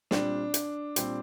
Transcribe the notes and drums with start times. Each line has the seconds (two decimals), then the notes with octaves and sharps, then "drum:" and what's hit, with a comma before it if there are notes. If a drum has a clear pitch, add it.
0.11 A#2 G3 C4 D4, drum: snare
0.54 drum: hi-hat
0.96 A#2 G3 C4, drum: hi-hat